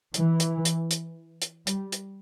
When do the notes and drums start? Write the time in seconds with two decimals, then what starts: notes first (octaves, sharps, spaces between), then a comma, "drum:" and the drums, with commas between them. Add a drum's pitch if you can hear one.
0.14 E3, drum: hi-hat
0.40 drum: hi-hat
0.65 drum: hi-hat
0.91 drum: hi-hat
1.42 drum: hi-hat
1.67 G3, drum: hi-hat
1.92 drum: hi-hat